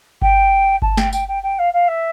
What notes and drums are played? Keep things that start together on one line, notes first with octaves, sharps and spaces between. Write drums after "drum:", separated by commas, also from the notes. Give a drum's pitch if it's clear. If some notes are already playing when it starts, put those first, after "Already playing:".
G5, drum: kick G1
A5, drum: kick G1
G5, drum: snare
G5, drum: tambourine
G5
G5
F5
F5
E5